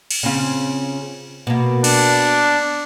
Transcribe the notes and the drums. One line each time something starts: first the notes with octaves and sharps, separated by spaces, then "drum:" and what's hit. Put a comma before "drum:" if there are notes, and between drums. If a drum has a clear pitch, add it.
drum: cymbal
C#3 C4 F4
B2 A#3
D4, drum: cymbal